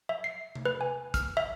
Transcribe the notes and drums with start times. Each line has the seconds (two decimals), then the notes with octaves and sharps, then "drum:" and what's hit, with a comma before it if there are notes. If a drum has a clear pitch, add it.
0.09 E5
0.24 C7
0.55 drum: tom C3
0.65 B4
0.81 G#5
1.14 F6, drum: kick, hi-hat
1.37 E5